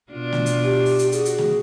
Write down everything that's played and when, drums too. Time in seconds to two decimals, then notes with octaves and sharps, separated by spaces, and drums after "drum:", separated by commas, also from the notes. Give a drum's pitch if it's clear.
0.11 B2 D4 F4
0.33 drum: snare A3
0.46 drum: hi-hat
0.64 G4
0.86 drum: open hi-hat
0.99 drum: hi-hat
1.12 F#4 G#4, drum: hi-hat
1.25 drum: hi-hat
1.39 drum: snare A3